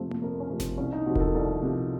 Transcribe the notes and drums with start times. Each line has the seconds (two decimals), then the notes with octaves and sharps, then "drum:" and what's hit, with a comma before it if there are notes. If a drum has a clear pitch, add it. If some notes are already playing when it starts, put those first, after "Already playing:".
Already playing: F2 C3 F3 A3
0.11 drum: tom A#3
0.22 F2 A#4
0.40 C#4
0.50 C3 F3 A3
0.60 C4, drum: snare G1
0.78 C2 C#4
0.93 D#4
1.06 C3 F3 F#4
1.15 A#4, drum: kick E1
1.21 A4
1.35 C2 A4
1.62 C3 F3